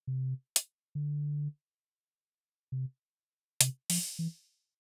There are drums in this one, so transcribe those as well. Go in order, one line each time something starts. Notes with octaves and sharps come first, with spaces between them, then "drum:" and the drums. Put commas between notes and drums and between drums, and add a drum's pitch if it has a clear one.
C3
drum: hi-hat
D3
C3
C3, drum: hi-hat
F3, drum: open hi-hat
E3